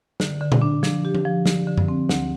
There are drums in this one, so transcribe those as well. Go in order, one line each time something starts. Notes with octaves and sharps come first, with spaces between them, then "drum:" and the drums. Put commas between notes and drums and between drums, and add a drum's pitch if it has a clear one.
D3, drum: snare
D3
drum: tom A#2
D4
F3, drum: snare
G4
drum: tom F3
F3
D3, drum: snare
D3
drum: tom F#2
C4
D2, drum: snare